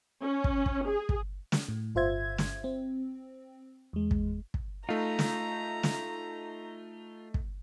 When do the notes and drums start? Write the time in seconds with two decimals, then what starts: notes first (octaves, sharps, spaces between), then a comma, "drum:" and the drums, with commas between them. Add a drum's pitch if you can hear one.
0.21 C#4
0.44 drum: kick
0.66 drum: kick
0.88 G#4
1.09 drum: kick
1.52 drum: snare
1.68 A2
1.95 G1 F4 C5 E5 G#6
2.38 drum: snare
2.64 C4
3.93 E2 G#3
4.11 drum: kick
4.54 drum: kick
4.89 A3 D#4 F4 A#5
5.19 drum: snare
5.83 drum: snare
7.34 drum: kick